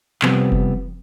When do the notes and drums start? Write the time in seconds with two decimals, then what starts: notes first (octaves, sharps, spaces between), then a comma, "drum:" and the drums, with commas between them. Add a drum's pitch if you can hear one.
0.22 C3 F3 G3 B3 C4, drum: clap
0.52 drum: kick F1